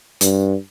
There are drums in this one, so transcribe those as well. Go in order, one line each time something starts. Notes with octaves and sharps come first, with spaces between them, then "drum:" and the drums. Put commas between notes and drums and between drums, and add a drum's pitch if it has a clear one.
G2, drum: hi-hat